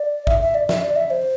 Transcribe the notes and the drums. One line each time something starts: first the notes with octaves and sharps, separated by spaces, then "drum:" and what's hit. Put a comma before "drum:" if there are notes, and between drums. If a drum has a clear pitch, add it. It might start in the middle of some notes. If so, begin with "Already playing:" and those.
Already playing: D5
E5, drum: kick
E5
D5
E5, drum: snare
D5
E5
C5